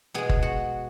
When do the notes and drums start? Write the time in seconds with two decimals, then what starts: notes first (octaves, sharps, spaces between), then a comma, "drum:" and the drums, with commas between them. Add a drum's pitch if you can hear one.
0.14 B2 G#3 G#4
0.29 drum: kick F#1
0.43 F#4